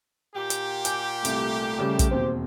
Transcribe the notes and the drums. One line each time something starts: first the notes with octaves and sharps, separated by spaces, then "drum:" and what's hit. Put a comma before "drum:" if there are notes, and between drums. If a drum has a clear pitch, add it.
A#2 G4
drum: hi-hat
G#5 G6, drum: hi-hat
C2 A3, drum: hi-hat
C#3 G3
drum: kick, hi-hat
E1 D#2 C4 C5